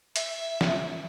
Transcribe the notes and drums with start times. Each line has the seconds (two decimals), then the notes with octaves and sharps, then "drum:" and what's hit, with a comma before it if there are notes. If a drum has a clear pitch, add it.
0.16 E5, drum: hi-hat
0.61 drum: snare